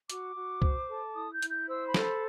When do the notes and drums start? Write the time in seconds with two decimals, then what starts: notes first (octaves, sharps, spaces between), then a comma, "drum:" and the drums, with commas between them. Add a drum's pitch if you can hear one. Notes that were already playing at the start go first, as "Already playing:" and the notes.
0.10 F#4 D6, drum: hi-hat
0.36 F#4
0.62 C5, drum: kick C2
0.89 A4
1.15 E4 D#6
1.33 G6
1.42 E4, drum: hi-hat
1.50 G6
1.69 C5 E6
1.87 B5
1.94 A4, drum: snare
2.04 B5